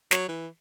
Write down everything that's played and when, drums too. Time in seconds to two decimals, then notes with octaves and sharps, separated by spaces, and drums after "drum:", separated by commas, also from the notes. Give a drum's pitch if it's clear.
0.11 F#3, drum: snare
0.28 E3